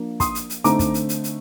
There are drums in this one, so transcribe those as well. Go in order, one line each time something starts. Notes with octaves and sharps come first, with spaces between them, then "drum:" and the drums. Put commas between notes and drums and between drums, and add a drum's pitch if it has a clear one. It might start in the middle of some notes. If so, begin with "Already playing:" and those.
Already playing: F3 A#3 D4
C6 D#6, drum: kick, hi-hat
drum: hi-hat
drum: hi-hat
D3 A3 C4 D#4 A#5 D6, drum: hi-hat
drum: kick, hi-hat
drum: hi-hat
drum: hi-hat
drum: hi-hat